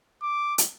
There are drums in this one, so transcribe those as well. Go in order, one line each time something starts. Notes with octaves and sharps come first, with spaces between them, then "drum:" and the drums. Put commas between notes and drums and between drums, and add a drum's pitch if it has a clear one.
D6
drum: hi-hat